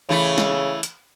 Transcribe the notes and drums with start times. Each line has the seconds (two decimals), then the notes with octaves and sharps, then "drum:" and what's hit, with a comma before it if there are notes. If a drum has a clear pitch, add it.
0.09 C#3 E3 A3 E4
0.38 drum: snare
0.83 drum: hi-hat